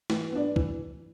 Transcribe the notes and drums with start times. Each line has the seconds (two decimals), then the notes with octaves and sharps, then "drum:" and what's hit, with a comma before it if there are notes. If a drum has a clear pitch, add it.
0.10 E3, drum: snare
0.32 B3 D4
0.56 E3, drum: kick